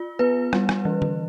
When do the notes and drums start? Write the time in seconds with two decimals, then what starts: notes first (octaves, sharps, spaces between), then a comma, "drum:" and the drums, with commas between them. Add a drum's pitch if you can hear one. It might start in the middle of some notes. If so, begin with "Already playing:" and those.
Already playing: F4
0.19 B3 B4
0.53 G3, drum: rim click
0.69 drum: rim click
0.85 E3
1.02 drum: tom D3